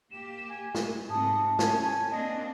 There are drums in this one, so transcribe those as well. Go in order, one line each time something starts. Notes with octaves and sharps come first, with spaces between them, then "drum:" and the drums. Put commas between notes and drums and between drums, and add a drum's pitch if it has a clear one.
A#3 G4 E7
G#5
drum: snare
G#2 C3 A5 D#6
C#4 G#5, drum: snare
A#3 C4 D4 D#5